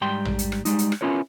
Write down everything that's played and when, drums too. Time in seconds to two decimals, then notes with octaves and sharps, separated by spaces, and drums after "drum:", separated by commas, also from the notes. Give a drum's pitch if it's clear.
0.01 G#2 G3 G5 C6
0.25 drum: tom A1
0.39 drum: hi-hat
0.52 drum: rim click
0.65 G3 G#3 D#4, drum: hi-hat
0.79 drum: hi-hat
0.92 drum: rim click
1.01 B3 C#4 E4 F4 A#4 C#5